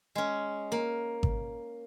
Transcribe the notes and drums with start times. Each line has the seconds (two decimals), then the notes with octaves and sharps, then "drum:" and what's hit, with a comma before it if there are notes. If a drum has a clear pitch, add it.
0.15 G#3 C#4
0.72 A#3
1.23 drum: kick G#1